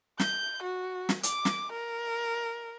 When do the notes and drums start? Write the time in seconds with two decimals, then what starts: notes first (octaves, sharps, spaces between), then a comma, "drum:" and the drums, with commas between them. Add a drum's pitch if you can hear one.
0.19 G6, drum: snare
0.63 F#4
1.09 drum: snare
1.23 D6, drum: hi-hat
1.45 drum: snare
1.72 A#4